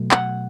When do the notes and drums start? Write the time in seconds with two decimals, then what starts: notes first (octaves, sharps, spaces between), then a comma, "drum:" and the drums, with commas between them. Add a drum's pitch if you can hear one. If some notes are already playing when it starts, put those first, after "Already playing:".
Already playing: B2 F#3 A3
0.11 F#5, drum: clap